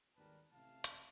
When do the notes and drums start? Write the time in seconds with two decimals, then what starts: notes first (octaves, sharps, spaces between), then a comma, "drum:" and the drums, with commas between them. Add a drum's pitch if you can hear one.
0.16 G#1 D#2 G3 A#4 B4 A5
0.50 A1 C3 E4 F5 A5
0.84 drum: hi-hat